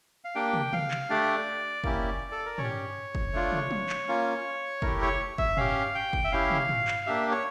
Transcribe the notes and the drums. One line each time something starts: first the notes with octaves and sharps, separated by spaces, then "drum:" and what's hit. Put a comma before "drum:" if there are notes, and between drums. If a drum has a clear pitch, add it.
F5
A#3 D4 G4 G5
drum: tom
F5, drum: tom
drum: clap
A3 D4 G4 D5
A#3 C#4 E4 G4, drum: kick
A4
A#4
C#4 C#5, drum: tom
G4
drum: kick
A3 D4 F4
drum: tom
drum: tom
drum: clap
A#3 C#4 F4
A3 E4 G4 A#4, drum: kick
C#5
E5, drum: kick
C#4 G4 F5, drum: tom
G5
drum: kick
E5
C#4 E4 G4 F5
drum: tom
drum: tom
drum: clap
A#3 D4 G4 E5
C#5